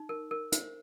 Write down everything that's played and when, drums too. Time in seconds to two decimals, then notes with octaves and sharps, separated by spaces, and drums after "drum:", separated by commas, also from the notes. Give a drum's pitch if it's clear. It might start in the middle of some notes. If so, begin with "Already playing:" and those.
Already playing: D#4
0.09 A#4
0.31 A#4
0.52 C5, drum: hi-hat